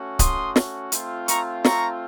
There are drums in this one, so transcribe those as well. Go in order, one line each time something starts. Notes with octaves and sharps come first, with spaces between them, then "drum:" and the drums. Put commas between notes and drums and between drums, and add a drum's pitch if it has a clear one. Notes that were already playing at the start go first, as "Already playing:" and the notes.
Already playing: A3 C#4 F#4
C6 D#6, drum: kick C#1, hi-hat
drum: snare
A3 C4 F4, drum: hi-hat
A#5 C#6, drum: hi-hat
A#5 C#6, drum: snare